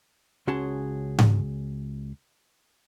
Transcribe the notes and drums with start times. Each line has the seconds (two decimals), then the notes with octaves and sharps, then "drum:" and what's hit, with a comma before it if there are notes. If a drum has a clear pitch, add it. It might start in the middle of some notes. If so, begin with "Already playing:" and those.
0.47 C#2 C#4 F#4 G#4 A5 C6
1.19 drum: tom G#2